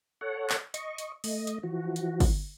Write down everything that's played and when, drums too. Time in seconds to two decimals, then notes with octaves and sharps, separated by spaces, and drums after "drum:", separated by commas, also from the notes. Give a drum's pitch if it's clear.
0.21 A4 C#5 F#5
0.50 drum: clap
0.74 D#5 C#6, drum: hi-hat
0.98 drum: hi-hat
1.24 A3 D#5, drum: open hi-hat
1.47 drum: hi-hat
1.63 E3 F3 F#4
1.96 drum: hi-hat
2.20 drum: kick, open hi-hat